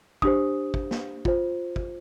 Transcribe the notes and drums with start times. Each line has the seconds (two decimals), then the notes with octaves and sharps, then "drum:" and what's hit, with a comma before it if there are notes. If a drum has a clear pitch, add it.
0.22 D4 G4 C5 D#6, drum: kick
0.74 drum: kick
0.91 drum: snare
1.25 F4 C5, drum: kick
1.76 drum: kick